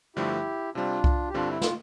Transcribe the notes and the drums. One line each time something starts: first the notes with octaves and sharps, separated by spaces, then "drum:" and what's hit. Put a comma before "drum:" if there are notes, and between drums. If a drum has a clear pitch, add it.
G2 D3 F3 A3 E4 G4
C3 G3 C4 D4 F4
drum: kick C2
G4
G2 D3 G3 C4 D4 F4
E4
F4, drum: snare